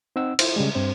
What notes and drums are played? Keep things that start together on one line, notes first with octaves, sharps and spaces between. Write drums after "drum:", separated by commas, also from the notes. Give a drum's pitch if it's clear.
C4 D#4 F#5 E6
E4 F4 C5, drum: cymbal
C#3 G3 G#3
G2 C4 C5